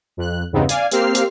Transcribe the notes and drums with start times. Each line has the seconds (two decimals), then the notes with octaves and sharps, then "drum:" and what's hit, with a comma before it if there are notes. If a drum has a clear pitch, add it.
0.17 F2 F#6
0.52 E2 G2 C#3 B3 C4 D#4
0.69 D5 F5 G#5, drum: hi-hat
0.91 A#3 C4 G4 F6 C7, drum: hi-hat
1.15 drum: hi-hat